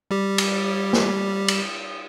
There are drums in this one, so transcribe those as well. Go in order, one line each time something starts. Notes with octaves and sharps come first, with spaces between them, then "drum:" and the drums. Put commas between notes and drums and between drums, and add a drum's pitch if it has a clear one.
G3 G4
drum: cymbal
drum: snare
drum: cymbal